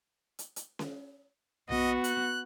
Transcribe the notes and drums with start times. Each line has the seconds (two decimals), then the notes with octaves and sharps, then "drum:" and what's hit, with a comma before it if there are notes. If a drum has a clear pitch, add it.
0.39 drum: hi-hat
0.56 drum: hi-hat
0.79 drum: snare C#4
1.69 B3 F#4 D#5, drum: tom B1
2.04 F#6, drum: hi-hat